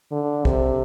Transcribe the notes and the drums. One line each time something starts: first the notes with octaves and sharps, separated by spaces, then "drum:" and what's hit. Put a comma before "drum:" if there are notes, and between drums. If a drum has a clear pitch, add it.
D3
C3, drum: kick